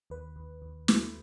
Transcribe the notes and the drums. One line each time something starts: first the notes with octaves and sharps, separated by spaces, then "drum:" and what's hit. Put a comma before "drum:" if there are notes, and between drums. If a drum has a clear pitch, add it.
D#2 B4
D#2
D#2
A3 B4, drum: snare